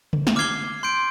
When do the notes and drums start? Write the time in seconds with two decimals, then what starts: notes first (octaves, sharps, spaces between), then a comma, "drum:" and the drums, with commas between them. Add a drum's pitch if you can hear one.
0.13 drum: tom C#3
0.27 drum: snare
0.36 D6 F6 G#6 C7 G7
0.83 C6 G6 D7